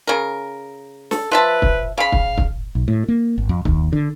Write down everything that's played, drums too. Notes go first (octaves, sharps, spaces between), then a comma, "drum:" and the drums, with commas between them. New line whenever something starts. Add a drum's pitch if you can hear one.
C#3 A#4
A4, drum: snare
F3 B4 E5 A5
drum: kick
C#3 F5 B5
drum: kick
drum: kick
B1
A2
A#3
G#1
F2
D#2, drum: kick
D3